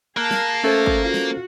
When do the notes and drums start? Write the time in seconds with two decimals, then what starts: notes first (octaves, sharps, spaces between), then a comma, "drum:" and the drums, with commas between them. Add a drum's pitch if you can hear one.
0.17 A#3 G#4 A#4 A5 F#6
0.31 drum: snare
0.64 A3 C#4 A4 C5
0.86 drum: kick
1.04 F4 F#4
1.14 drum: snare